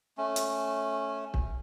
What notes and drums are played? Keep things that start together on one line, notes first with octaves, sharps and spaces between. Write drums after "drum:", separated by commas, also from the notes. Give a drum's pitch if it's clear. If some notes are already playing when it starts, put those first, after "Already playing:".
A3 C#4
drum: hi-hat
drum: kick